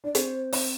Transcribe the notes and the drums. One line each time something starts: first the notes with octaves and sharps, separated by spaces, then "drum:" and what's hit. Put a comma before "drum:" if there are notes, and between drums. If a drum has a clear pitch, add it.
D4 D5
C4 C5, drum: hi-hat
C4, drum: open hi-hat